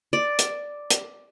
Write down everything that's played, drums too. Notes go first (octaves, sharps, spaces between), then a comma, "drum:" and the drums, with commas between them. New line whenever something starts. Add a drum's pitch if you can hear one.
D5
drum: hi-hat
drum: hi-hat